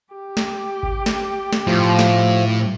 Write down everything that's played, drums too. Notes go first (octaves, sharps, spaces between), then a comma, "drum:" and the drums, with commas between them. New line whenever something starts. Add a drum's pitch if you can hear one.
G4
drum: snare
drum: kick G#1
drum: snare
drum: snare
A2 F3
drum: snare